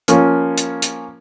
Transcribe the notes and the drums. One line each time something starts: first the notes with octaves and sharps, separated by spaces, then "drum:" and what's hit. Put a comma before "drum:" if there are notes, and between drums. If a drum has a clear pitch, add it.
F3 A#3 C#4, drum: hi-hat
drum: hi-hat
drum: hi-hat